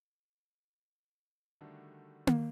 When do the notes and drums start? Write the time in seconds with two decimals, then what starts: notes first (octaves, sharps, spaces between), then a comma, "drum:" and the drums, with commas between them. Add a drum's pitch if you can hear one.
1.61 D3 D#3 G3 A3 D4 F#4
2.27 drum: tom A#3